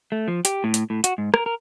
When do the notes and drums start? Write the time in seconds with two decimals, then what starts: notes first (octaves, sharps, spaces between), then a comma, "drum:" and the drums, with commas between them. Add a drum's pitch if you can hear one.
0.12 A3
0.28 F3
0.45 G4, drum: hi-hat
0.64 A2
0.74 drum: hi-hat
0.90 A2
1.04 F#4, drum: hi-hat
1.18 G#2
1.34 A#4, drum: rim click
1.46 A#4